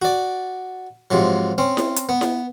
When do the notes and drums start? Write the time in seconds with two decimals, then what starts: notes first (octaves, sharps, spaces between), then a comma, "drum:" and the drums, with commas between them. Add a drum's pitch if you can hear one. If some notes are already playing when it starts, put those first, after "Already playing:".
0.02 F#4 D5
1.11 G#2 C3 F3 F#3
1.58 C4 C#4
1.77 drum: snare E4
1.96 drum: hi-hat
2.09 B3
2.21 drum: snare E4